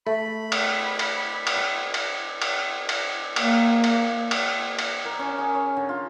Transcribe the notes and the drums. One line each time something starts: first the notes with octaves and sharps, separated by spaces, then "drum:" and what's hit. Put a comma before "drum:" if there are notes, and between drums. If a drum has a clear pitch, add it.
A3 B5
drum: cymbal
drum: cymbal
drum: cymbal
drum: cymbal
drum: cymbal
drum: cymbal
A#3, drum: cymbal
drum: cymbal
drum: cymbal
drum: cymbal
A#4
C#4
G#4
C#5
D3
F4